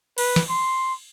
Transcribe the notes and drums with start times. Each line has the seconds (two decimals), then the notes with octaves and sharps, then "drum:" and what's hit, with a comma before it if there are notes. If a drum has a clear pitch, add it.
0.18 B4, drum: cymbal
0.36 drum: snare
0.49 C6